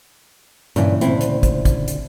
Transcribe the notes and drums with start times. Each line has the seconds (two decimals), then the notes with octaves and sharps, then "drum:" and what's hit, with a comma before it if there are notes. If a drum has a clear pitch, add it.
0.76 G2 A#2 C#3 E3, drum: hi-hat
1.01 D2 C4 E4, drum: hi-hat
1.21 drum: hi-hat
1.43 drum: kick, hi-hat
1.65 drum: kick, hi-hat
1.88 drum: hi-hat